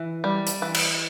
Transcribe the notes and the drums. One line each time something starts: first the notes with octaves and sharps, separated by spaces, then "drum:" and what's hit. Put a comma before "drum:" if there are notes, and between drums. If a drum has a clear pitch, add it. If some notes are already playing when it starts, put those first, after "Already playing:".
Already playing: E3
G3
drum: hi-hat
E3
drum: cymbal